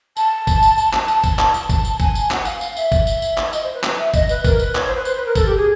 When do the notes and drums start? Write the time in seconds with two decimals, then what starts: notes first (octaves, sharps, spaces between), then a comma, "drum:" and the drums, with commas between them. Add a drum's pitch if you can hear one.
0.17 A5, drum: tambourine
0.47 drum: kick, tambourine
0.63 drum: tambourine
0.78 drum: tambourine
0.93 drum: clap
1.08 A5, drum: tambourine
1.24 drum: kick, tambourine
1.39 A5, drum: clap
1.54 drum: tambourine
1.69 A5, drum: kick, tambourine
1.85 drum: tambourine
2.00 G#5, drum: kick, tambourine
2.15 drum: tambourine
2.31 F#5, drum: clap
2.45 F5, drum: tambourine
2.61 F5, drum: tambourine
2.77 E5, drum: tambourine
2.92 drum: kick, tambourine
3.07 drum: tambourine
3.22 drum: tambourine
3.37 drum: clap
3.53 D#5, drum: tambourine
3.63 C5
3.73 B4
3.83 drum: clap
3.99 E5
4.14 D#5, drum: kick, tambourine
4.29 B4, drum: tambourine
4.44 A#4, drum: kick, tambourine
4.60 B4, drum: tambourine
4.75 C#5, drum: clap
4.86 C5
4.95 B4
5.05 C5, drum: tambourine
5.16 B4
5.26 A#4
5.35 A4, drum: kick, tambourine
5.46 G4
5.56 G#4